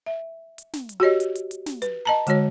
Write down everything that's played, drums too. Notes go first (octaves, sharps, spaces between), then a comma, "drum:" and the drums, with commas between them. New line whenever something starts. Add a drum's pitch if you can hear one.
E5
drum: hi-hat
drum: snare
drum: hi-hat
F#4 G4 C#5 D#5
drum: hi-hat
drum: hi-hat
drum: hi-hat
drum: snare
B4, drum: hi-hat
D#5 A5 A#5
D3 G#3 F#4 C#5, drum: hi-hat